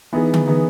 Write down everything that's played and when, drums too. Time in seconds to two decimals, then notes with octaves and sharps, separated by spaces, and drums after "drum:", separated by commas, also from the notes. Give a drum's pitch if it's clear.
0.13 E3 B3 D#4 G#4
0.34 drum: tom D3
0.47 E3 B3 D#4 G#4